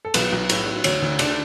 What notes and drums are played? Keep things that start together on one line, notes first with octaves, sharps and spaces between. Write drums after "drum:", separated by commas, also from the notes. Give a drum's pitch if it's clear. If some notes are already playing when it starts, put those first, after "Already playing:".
A4
B1 B3 B4, drum: cymbal
B1
A2, drum: cymbal
F#3
D2 C#4 C#5, drum: cymbal
D2
D3 D4 D5, drum: cymbal